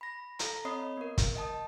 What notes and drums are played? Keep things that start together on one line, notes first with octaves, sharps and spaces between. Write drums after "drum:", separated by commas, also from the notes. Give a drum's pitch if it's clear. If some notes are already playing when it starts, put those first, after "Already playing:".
B5 A#6
A4 F5 A#5, drum: hi-hat
C4 C#5 D#5 B5 D#6 C7
B3 A#4
drum: kick, hi-hat
D#5 G5 A5 D#6